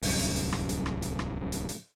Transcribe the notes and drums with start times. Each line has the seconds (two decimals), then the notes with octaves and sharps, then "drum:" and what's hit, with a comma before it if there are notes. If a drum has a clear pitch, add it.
0.02 D1 C2 F#2, drum: open hi-hat
0.19 drum: hi-hat
0.36 drum: hi-hat
0.52 drum: rim click
0.69 drum: hi-hat
0.86 drum: rim click
1.02 drum: hi-hat
1.19 drum: rim click
1.52 drum: hi-hat
1.69 drum: hi-hat